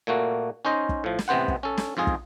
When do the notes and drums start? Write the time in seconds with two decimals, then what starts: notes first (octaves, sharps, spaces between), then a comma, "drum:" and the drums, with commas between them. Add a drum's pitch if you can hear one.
0.07 A#2 A3 A#3 F#4
0.65 C#4 D#4 C5 D#5
0.89 drum: kick
1.04 A2 F3
1.19 drum: snare
1.28 A1 C3 B3 C5 F#5
1.48 drum: kick
1.63 C#4 A4
1.77 drum: snare
1.97 F2 G#2 F4 G#4
2.07 drum: kick